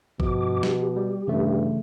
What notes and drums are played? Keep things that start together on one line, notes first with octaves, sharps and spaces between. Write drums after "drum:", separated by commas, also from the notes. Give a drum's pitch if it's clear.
G2 B2 F3 D6, drum: kick A1
G4, drum: snare
G3
G2 C#3 E3 A3